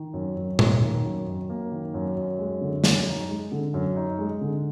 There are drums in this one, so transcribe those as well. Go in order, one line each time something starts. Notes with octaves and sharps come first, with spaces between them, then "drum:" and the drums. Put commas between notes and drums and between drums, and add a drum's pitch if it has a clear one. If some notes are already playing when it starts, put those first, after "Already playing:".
Already playing: D#3
F#2
F#2
A#3, drum: tom A#2
D#3
F#2
F#2
A#3
D#3
F#2
F#2
G#3
D3
F#2, drum: snare
D#4
G#3
D3
F#2
D#4
G#3
D3